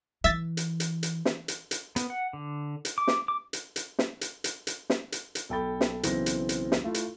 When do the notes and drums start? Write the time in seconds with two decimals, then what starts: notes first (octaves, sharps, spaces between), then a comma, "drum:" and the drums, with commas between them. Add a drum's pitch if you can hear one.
0.24 E3 E5 E6 A6
0.57 drum: hi-hat
0.80 drum: hi-hat
1.03 drum: hi-hat
1.25 drum: snare
1.48 drum: hi-hat
1.71 drum: hi-hat
1.96 B3, drum: hi-hat
2.10 F#5
2.33 D3
2.85 drum: hi-hat
2.98 D6
3.08 drum: snare
3.28 D6
3.53 drum: hi-hat
3.76 drum: hi-hat
3.99 drum: snare
4.21 drum: hi-hat
4.44 drum: hi-hat
4.67 drum: hi-hat
4.90 drum: snare
5.12 drum: hi-hat
5.35 drum: hi-hat
5.49 B1 A4 G5 B5 A6 G7
5.81 drum: snare
6.03 B1 C#3 E3 C4 A#6, drum: hi-hat
6.26 drum: hi-hat
6.49 drum: hi-hat
6.72 drum: snare
6.84 A3 E4 F4
6.94 drum: hi-hat